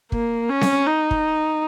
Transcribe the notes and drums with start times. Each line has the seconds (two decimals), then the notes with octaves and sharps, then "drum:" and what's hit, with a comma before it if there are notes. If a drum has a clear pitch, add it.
0.12 A#3, drum: kick
0.49 C#4
0.61 drum: snare C4
0.86 D#4
1.11 drum: kick